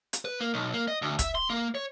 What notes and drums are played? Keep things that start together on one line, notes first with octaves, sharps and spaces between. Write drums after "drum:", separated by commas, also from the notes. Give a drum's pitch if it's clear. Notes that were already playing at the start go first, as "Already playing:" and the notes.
drum: hi-hat
B4
A#3
B1
A#3
D#5
D2
E5, drum: kick, hi-hat
C6
A#3
C#5